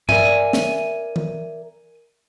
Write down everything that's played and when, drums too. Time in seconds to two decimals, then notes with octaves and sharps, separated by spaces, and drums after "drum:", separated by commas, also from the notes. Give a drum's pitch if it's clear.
0.09 A#4 D5 E5 G#5, drum: tom G2
0.53 drum: snare
1.16 drum: tom E3